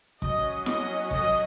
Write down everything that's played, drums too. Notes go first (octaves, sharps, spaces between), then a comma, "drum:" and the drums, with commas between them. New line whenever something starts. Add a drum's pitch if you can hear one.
F#3 C#4 D#5, drum: kick
D#5, drum: snare E4
D#5, drum: kick